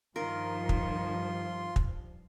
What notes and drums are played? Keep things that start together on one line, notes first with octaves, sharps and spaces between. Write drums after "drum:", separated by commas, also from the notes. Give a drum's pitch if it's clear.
G2 D#3 F3 F4 A#4 C6
drum: kick
drum: kick